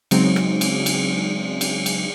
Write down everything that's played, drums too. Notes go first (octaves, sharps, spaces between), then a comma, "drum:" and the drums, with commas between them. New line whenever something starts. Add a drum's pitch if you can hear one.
C#3 F#3 G#3 C4 D#4, drum: cymbal
drum: rim click
drum: cymbal
drum: cymbal
drum: cymbal
drum: cymbal